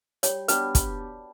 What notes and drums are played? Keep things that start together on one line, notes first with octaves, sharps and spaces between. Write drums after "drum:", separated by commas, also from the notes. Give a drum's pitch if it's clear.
G3 C#5, drum: hi-hat
B3 D4 G4 B4, drum: hi-hat
drum: kick, hi-hat